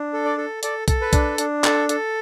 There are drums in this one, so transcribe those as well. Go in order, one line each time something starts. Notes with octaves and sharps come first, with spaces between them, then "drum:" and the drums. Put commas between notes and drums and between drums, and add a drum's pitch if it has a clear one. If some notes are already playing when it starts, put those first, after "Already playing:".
Already playing: D4
A4
D5
A4
A4 D5, drum: hi-hat
A4, drum: kick B1, hi-hat
B4
D4, drum: kick B1, hi-hat
D4, drum: hi-hat
A4, drum: clap
A4, drum: hi-hat